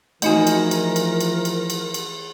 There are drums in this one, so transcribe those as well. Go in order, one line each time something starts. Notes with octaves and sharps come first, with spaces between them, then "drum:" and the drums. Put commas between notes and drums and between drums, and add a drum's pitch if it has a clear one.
E3 F3 A3 D#4 F#4 A#4 D#5 G#5, drum: cymbal
drum: cymbal
drum: cymbal
drum: cymbal
drum: cymbal
drum: cymbal
drum: cymbal
drum: cymbal